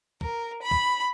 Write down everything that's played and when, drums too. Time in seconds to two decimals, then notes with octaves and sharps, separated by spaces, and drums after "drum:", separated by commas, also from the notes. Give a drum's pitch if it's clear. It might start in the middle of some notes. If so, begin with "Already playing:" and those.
0.21 A#4, drum: kick
0.61 B5
0.71 drum: kick